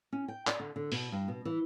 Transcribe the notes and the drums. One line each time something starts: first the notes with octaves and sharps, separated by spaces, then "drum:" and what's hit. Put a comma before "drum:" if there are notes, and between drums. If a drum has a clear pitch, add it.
C#4
G5
D5, drum: clap
D3
D3
B2, drum: open hi-hat
G2
B2
E3